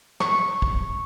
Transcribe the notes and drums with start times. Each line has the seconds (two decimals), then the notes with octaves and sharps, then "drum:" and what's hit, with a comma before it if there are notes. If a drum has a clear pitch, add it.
0.20 C#6, drum: snare
0.62 drum: kick